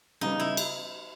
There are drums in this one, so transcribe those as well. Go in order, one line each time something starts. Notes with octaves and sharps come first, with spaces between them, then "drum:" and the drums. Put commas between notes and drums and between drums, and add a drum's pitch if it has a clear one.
C#3 G3 B3 D#4
E4
drum: cymbal